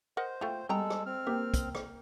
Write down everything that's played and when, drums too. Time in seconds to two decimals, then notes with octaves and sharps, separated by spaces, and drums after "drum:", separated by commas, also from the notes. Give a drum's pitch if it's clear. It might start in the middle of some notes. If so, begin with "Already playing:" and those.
0.17 A#4 C5 D#5 F#5
0.41 A3 F4 G5
0.69 G3 G#3 B3 A4 G5 A#5
0.90 drum: rim click
1.06 C4 F6
1.27 A#3 G4 G5
1.54 drum: kick, hi-hat
1.75 drum: rim click